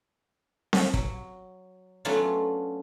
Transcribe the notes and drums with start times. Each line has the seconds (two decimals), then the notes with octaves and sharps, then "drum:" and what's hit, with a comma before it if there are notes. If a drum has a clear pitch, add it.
0.73 drum: snare C4
0.94 F#3, drum: kick
2.05 F#3 A3 B3 C#4 D4 F4